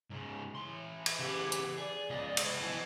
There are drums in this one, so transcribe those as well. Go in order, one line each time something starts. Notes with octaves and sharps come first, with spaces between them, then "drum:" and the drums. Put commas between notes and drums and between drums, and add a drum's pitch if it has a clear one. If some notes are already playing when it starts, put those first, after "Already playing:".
G#2 C#3
E3 C6
drum: cymbal
C#3 B3 G4
drum: hi-hat
G#4 D5
C#2 F3 B3 D#5
drum: cymbal
E3 D#5